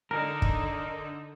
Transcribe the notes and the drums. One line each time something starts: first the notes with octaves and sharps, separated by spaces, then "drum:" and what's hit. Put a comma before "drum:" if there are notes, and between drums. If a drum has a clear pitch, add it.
D3 D#4 A#4
drum: kick